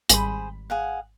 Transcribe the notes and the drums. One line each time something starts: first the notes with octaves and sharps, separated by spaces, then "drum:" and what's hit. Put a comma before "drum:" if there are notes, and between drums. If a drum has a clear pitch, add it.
G#1 G3 G#4 C5 B5, drum: hi-hat
G#4 F5 F#5